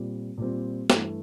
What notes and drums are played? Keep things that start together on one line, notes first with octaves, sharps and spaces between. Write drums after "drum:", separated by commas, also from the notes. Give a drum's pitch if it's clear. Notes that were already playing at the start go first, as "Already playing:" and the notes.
Already playing: A#2 G3 C4
A#2 G3 C4
G2 E3 A3, drum: snare